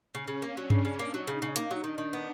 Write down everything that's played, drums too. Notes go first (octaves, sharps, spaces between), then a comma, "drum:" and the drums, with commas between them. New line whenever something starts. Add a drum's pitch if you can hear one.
C#3 C#4
C#3
A#3
F#3 D4
C#3, drum: tom G2
C#3
A#3 D#4
F#3
C#3
C#3 D#4
A#3, drum: hi-hat
F#3
D#3 D4
D#3
B3